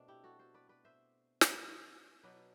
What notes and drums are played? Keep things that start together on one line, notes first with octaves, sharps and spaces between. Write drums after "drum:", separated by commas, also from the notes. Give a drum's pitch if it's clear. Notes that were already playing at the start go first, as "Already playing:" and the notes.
Already playing: B2 A3 C4 D4
E4 G4
F#4 A4
A4 C5
B4 D5
B4 D5
C5 E5
drum: snare
B2 F#3 B3 D4 B4 D5